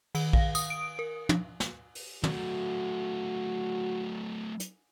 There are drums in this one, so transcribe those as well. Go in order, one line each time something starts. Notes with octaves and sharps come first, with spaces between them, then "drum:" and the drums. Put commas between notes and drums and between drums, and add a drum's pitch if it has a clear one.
D#3, drum: cymbal
F5, drum: kick
D#6, drum: tambourine
D7
A#4
drum: tom
drum: snare
drum: open hi-hat
F#3 A3 F#4, drum: tom
drum: hi-hat